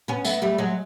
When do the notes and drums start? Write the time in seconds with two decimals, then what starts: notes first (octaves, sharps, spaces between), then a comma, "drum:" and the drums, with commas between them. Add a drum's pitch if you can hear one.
0.08 B3 C#4
0.25 A3 B3, drum: tambourine
0.42 G3 A3
0.58 F#3 G#3